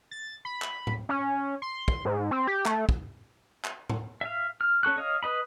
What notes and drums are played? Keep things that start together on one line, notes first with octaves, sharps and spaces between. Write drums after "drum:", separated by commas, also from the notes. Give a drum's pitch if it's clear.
A6
B5
drum: clap
drum: tom A2
C#4
C6
drum: kick
G#2
C4
G4
A3, drum: clap
drum: kick
drum: clap
drum: tom A2
E5 F5
F6
C#4 A4 C#6 F#6
C#5 D#5 F5
B4 D#5 B5